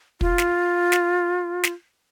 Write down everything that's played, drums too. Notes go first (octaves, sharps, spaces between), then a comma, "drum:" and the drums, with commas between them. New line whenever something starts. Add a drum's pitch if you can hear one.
F4, drum: kick
drum: snare
drum: snare
drum: snare